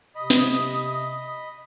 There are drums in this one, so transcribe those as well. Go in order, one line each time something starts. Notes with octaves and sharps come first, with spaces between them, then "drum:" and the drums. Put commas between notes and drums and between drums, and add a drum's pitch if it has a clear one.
C3 D#5 B5 D#6
drum: snare
drum: hi-hat